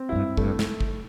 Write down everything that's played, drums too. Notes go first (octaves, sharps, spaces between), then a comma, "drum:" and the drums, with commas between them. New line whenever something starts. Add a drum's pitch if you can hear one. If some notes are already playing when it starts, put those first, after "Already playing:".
Already playing: C4
F#2 E4
G2
G2 A3, drum: kick
drum: snare
drum: kick